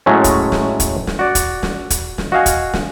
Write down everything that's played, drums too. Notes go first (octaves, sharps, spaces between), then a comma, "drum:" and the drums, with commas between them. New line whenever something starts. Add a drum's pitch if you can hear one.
A2 F#3 G#3 A3 C#4
drum: kick E1, hi-hat
drum: snare
drum: kick E1, hi-hat
drum: snare
F#4 D5
drum: kick E1, hi-hat
drum: snare
drum: kick E1, hi-hat
drum: snare
F#4 D#5 F5 G#5
drum: kick E1, hi-hat
drum: snare